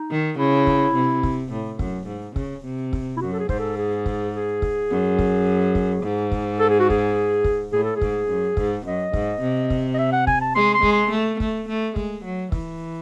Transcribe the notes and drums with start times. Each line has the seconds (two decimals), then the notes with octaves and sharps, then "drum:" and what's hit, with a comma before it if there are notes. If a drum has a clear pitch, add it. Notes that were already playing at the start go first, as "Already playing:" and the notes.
Already playing: D#4
0.11 D#3
0.38 C#3 E4
0.67 drum: kick
0.96 C3
1.23 drum: kick
1.52 A2
1.79 F#2, drum: kick
2.07 G#2
2.36 C#3, drum: kick
2.64 C3
2.93 drum: kick
3.17 E4
3.21 F#2 F#4
3.33 A4
3.40 G#4
3.49 G#2 C5, drum: kick
3.59 A4
3.77 G#4
4.06 drum: kick
4.34 G#4
4.62 drum: kick
4.90 F#2
5.19 drum: kick
5.75 drum: kick
6.04 G#2
6.32 drum: kick
6.59 A4
6.70 G#4
6.80 F#4
6.90 G#4, drum: kick
7.44 drum: kick
7.73 A2 G#4
7.84 A4
7.96 G#4
8.01 G#2, drum: kick
8.29 F#2
8.57 G#2, drum: kick
8.86 F#2 D#5
9.13 G#2, drum: kick
9.42 C3
9.70 drum: kick
9.94 D#5
9.98 E5
10.13 F#5
10.27 G#5, drum: kick
10.41 A5
10.55 G#3 C6
10.74 C6
10.83 G#3, drum: kick
10.92 C6
11.11 A3
11.40 A3, drum: kick
11.69 A3
11.96 G#3, drum: kick
12.25 F#3
12.52 E3, drum: kick